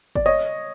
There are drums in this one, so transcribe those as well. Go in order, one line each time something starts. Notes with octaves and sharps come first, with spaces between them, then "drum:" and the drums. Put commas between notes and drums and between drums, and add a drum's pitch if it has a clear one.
D5, drum: kick
C#5 D#5